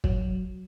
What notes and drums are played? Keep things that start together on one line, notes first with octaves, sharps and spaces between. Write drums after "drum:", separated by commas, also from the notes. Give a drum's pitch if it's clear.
F#3, drum: kick